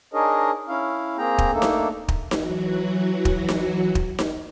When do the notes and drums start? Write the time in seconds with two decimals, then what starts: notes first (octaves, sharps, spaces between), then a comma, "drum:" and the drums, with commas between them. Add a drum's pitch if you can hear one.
0.14 D4 D#4 G#4 A#4 C#5 D#5
0.68 C#4 E4 F5
1.18 A#3 C4 G#4 G5 A#5
1.38 drum: kick
1.53 A3 A#3 D4 D#4 A4
1.62 drum: snare D#4
2.08 drum: kick
2.31 E3 F#3 F#4, drum: snare D#4
3.25 drum: kick
3.49 drum: snare D#4
3.95 drum: kick
4.19 drum: snare D#4